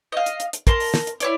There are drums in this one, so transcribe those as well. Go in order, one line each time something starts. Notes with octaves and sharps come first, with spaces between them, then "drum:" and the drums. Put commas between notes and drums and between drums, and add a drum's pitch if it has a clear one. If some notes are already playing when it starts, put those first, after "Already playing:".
D#5 F5
drum: hi-hat
drum: hi-hat
drum: hi-hat
A#4 A5 C6, drum: kick, hi-hat
drum: open hi-hat
drum: snare
drum: hi-hat
E4 C#5 D5, drum: hi-hat